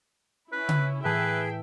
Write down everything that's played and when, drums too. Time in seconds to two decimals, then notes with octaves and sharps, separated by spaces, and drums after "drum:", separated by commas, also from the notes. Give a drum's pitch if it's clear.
0.52 C#4 E4 B4
0.69 drum: tom C#3
1.05 A2 E3 G#4 B4 E5 G5 A5